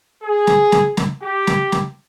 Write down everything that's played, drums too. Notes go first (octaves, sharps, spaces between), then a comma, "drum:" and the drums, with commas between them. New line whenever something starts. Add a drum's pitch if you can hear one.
G#4
drum: snare
drum: snare
drum: snare
G4
drum: snare
drum: snare